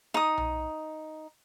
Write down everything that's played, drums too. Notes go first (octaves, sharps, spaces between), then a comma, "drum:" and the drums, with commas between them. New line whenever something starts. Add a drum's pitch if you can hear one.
D#4 D#6
drum: tom B1